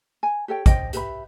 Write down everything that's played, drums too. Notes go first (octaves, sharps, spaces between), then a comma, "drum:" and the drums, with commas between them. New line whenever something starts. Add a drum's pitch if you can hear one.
G#5
G4 A4 C#5 G5
C5 D#5 G5, drum: kick, hi-hat
G4 B4 E5 B5, drum: hi-hat